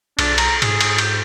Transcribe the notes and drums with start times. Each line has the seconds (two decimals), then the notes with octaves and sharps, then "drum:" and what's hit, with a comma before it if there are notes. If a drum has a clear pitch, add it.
0.19 B1 D4, drum: cymbal
0.38 A#5, drum: cymbal
0.62 G#2 G#4, drum: cymbal
0.81 drum: cymbal
0.98 G4, drum: cymbal